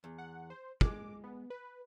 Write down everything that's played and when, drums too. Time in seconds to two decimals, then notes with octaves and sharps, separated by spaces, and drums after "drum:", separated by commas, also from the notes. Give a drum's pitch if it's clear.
0.04 E2
0.18 F#5
0.50 C5
0.81 G#3 D6, drum: kick
1.24 B3
1.50 B4